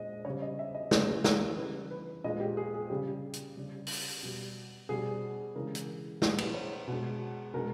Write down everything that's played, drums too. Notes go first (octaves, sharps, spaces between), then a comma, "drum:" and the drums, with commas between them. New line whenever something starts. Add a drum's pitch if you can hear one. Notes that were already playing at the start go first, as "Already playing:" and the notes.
Already playing: A#2 G#3 D#5
C#3 G3 C#5
D#5
E5
D#5
C#3 E3 G#3 C#5, drum: snare
A#4, drum: snare
C#3 E3 G3 B4
B4
A#2 G#3 D#5
G4
G#4
G#4
C#3 G3 G4
drum: hi-hat
C#3 G3
drum: open hi-hat
B2 G3
B2 G3 G#4
C#3 E3 G#3 A#4
drum: hi-hat
A#2 G3 G#4, drum: snare
B4, drum: cymbal
C#5
B2 G#3
B2 G#3 A#4